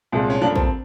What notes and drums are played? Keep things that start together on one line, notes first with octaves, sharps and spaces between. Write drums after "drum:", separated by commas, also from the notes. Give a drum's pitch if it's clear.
C2 A#2 F3 G#3
C#4
G2 D3 F3 A#3 D4
C4, drum: kick